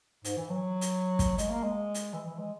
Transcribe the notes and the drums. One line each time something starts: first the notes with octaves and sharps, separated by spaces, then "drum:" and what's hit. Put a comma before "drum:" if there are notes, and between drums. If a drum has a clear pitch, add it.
G#2, drum: hi-hat
E3
F#3
drum: hi-hat
drum: kick, hi-hat
G#3, drum: hi-hat
A#3
G#3
drum: hi-hat
E3
E3
G#3